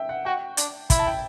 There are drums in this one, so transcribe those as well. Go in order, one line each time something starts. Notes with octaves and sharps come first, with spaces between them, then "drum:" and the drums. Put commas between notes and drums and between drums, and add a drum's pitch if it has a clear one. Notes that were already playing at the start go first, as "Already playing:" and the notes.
Already playing: E5 G5
F#5
F#4 G5
D4, drum: hi-hat
E4 B5, drum: kick, hi-hat
A5
G5